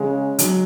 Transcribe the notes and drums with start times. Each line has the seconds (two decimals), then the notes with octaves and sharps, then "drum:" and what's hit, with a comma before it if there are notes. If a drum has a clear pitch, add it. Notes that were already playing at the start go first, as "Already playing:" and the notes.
Already playing: C#3 G#3
0.39 F#3, drum: hi-hat